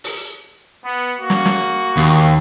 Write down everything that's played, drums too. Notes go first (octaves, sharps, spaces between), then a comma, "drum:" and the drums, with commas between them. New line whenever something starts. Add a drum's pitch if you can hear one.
drum: open hi-hat
B3
A#3 F#4
drum: snare
drum: snare
D#2